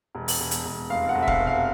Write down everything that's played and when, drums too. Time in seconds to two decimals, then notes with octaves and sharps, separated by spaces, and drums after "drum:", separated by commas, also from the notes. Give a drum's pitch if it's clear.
0.15 E1
0.28 drum: open hi-hat
0.40 E1
0.51 drum: hi-hat
0.65 E1
0.90 F1 F5
1.09 F#5
1.15 F1
1.22 E5
1.27 F5, drum: kick
1.40 B2
1.47 F5